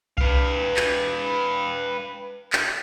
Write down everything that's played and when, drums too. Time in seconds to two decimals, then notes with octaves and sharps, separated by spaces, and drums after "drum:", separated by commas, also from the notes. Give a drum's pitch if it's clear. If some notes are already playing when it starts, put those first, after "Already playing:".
0.18 B4 F5, drum: kick C2
0.76 drum: clap
2.53 drum: clap